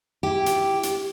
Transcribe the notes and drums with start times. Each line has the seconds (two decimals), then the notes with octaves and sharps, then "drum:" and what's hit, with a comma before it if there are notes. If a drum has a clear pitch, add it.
0.23 E4 G4
0.46 drum: hi-hat
0.83 drum: hi-hat